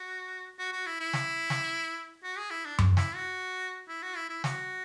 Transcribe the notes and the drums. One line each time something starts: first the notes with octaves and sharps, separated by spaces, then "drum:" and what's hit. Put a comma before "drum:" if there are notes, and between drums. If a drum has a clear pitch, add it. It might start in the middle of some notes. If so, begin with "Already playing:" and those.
Already playing: F#4
F#4
F#4
E4
E4
drum: snare
drum: snare
F#4
G#4
E4
D4
drum: tom F#2
E4, drum: snare
F#4
E4
F#4
E4
E4
F#4, drum: snare